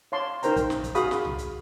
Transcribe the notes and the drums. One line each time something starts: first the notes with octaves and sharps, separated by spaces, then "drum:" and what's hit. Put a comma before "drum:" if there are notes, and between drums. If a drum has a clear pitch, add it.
C#5 F5 A5 C6 D6
D#4 A#4 C5 G5 A#5, drum: hi-hat
drum: kick, hi-hat
drum: snare
drum: kick, hi-hat
F#4 G#4 F5 B5 C#6 D#6, drum: hi-hat
drum: snare
drum: tom C2
drum: hi-hat